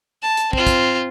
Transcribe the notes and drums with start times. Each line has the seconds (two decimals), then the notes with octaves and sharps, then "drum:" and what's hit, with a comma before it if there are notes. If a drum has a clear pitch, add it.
0.23 A5
0.37 drum: hi-hat
0.53 C4 F4, drum: kick
0.67 drum: kick, hi-hat